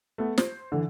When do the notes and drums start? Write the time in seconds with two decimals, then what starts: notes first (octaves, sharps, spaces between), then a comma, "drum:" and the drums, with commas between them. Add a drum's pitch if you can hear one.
0.18 A3 B3
0.38 C5, drum: snare
0.72 D3 E3